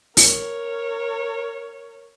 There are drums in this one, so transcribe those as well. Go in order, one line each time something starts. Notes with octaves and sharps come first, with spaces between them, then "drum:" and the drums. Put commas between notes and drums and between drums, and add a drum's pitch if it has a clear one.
A#4 C#5, drum: open hi-hat